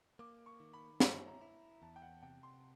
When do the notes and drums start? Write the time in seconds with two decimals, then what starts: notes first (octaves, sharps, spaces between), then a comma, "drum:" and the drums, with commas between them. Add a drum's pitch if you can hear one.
0.19 A#3 D6
0.46 C#6
0.60 D#3
0.73 B5
1.00 E4 A#5, drum: snare
1.28 A#5
1.41 E4
1.82 E2 A5
1.96 G5
2.02 F#5
2.23 C3 G5
2.43 C6